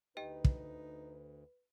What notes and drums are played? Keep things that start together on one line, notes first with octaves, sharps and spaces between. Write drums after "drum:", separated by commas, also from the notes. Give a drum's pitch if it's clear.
D2 D#4 G4 B4 D#5 G5
drum: kick